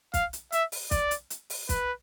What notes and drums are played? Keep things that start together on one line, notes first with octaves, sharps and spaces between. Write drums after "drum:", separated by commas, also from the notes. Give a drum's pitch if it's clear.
F5, drum: kick, hi-hat
drum: hi-hat
E5, drum: hi-hat
drum: open hi-hat
D5, drum: kick, hi-hat
drum: hi-hat
drum: hi-hat
drum: open hi-hat
B4, drum: kick, hi-hat